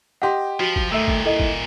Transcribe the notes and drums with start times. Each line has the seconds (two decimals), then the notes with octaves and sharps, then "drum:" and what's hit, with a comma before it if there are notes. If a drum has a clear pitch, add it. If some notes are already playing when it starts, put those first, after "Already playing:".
0.22 G4 D#5 F#5 C6
0.60 F3 F#4 B6
0.76 drum: kick
0.92 A#2 D#3 A3 E5 E6
1.08 drum: kick
1.25 E4 A4 D#5
1.40 drum: kick